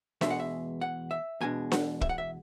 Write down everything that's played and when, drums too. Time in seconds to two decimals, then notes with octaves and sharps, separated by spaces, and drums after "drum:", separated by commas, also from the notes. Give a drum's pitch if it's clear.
0.21 E2 B2 G#3 E5, drum: snare D4
0.30 F#5
0.40 E5
0.81 F#5
1.11 E5
1.41 E2 B2 G#3 D4 G#5
1.72 F#5, drum: snare D4
2.01 E5, drum: kick
2.09 F#5
2.18 E5